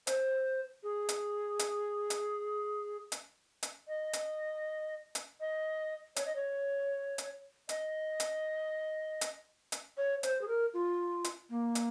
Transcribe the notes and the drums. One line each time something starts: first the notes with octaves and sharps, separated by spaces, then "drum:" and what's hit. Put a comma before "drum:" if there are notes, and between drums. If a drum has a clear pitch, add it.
C5, drum: hi-hat
G#4
drum: hi-hat
drum: hi-hat
drum: hi-hat
drum: hi-hat
drum: hi-hat
D#5
drum: hi-hat
drum: hi-hat
D#5
C#5, drum: hi-hat
D#5
C#5
drum: hi-hat
D#5, drum: hi-hat
drum: hi-hat
drum: hi-hat
drum: hi-hat
C#5
C5, drum: hi-hat
G#4
A#4
F4
drum: hi-hat
A#3
drum: hi-hat